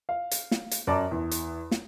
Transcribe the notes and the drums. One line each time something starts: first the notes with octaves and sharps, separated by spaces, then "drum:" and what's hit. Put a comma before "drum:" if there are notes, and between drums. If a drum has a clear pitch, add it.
F5
drum: hi-hat
drum: snare
drum: hi-hat
F#2 D5 A5 A#5 D6
E2
drum: hi-hat
drum: snare